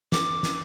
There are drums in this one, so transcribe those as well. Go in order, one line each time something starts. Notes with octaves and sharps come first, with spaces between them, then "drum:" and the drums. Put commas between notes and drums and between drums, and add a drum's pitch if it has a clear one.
D6, drum: snare
drum: snare